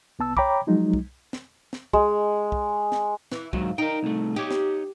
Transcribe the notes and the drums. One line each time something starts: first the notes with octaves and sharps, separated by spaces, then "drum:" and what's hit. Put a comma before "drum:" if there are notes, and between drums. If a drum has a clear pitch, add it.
C2 B3 A5 E6
C#5 G5 A#5 B5 D6, drum: kick
F3 F#3 G#3 D#4
drum: kick
drum: snare
drum: snare
G#3, drum: kick
drum: kick
drum: snare
E3, drum: snare
D#2 G#2 F#3, drum: kick
D#4 A#4 G5
C2 A3
D#4 G4 C#5
drum: snare